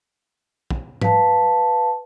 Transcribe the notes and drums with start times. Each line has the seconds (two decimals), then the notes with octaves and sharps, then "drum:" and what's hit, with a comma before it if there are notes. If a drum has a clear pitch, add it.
0.70 drum: kick
1.01 B4 F5 A5, drum: tom G#2